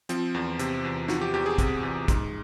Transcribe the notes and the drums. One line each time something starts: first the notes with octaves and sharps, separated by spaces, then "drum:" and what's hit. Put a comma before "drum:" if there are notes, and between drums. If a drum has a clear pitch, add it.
F3 C4, drum: hi-hat
E2
C3, drum: hi-hat
E2
F3 F#4, drum: snare
G4
E2 G4
G#4
C3, drum: kick, hi-hat
E2
G#2, drum: kick, hi-hat